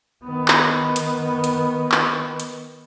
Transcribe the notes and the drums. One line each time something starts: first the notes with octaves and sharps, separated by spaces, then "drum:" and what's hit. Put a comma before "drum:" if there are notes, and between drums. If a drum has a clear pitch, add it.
D#3 B3
drum: clap
drum: hi-hat
drum: hi-hat
drum: clap
drum: hi-hat